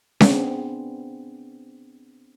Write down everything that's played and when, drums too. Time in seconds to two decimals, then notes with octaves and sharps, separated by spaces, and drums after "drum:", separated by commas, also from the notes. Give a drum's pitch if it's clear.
0.21 B3 C4 D4 G#4, drum: snare C#4